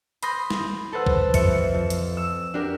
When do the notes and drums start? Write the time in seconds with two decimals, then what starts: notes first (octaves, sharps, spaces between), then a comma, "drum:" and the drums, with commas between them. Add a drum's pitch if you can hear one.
0.22 B5 C6 D#6 G6 A#6 B6, drum: hi-hat
0.50 drum: snare
0.92 A4 B4 C5 F#5 E6
1.06 drum: kick
1.34 F2 E5 C#7, drum: kick, hi-hat
1.74 F3
1.90 drum: hi-hat
2.17 E6
2.54 D4 F#4 G4 A#4